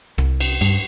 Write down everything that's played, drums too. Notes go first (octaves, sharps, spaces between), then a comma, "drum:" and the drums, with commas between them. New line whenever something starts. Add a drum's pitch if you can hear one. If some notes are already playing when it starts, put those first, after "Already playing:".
C2, drum: rim click
drum: cymbal
G2, drum: cymbal